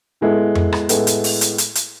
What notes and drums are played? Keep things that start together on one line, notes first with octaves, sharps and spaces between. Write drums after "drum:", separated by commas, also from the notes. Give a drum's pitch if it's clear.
A2 G#3 B3 E4 A4
drum: tom F2
drum: rim click
A2 G#3 B3 E4 A4, drum: hi-hat
drum: hi-hat
drum: open hi-hat
drum: hi-hat
drum: hi-hat
drum: hi-hat